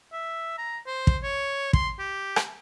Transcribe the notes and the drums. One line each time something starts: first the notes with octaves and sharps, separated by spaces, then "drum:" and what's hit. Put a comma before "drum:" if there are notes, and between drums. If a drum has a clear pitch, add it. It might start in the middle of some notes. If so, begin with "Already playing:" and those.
E5
A#5
C5
drum: kick
C#5
C6, drum: kick
G4
drum: rim click